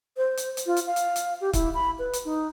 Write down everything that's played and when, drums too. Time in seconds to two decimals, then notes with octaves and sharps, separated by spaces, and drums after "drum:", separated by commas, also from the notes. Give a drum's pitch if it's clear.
0.17 C5
0.37 drum: hi-hat
0.57 drum: hi-hat
0.66 F4
0.77 drum: hi-hat
0.86 F5
0.96 drum: hi-hat
1.16 drum: hi-hat
1.41 G4
1.53 E4, drum: kick C#1, hi-hat
1.74 B5
1.99 B4
2.13 drum: hi-hat
2.25 D#4